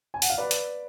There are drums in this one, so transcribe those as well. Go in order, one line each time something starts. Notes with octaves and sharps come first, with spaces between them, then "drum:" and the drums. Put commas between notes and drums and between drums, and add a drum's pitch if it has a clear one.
G#5
F#5, drum: open hi-hat
F5
B4 D5
drum: hi-hat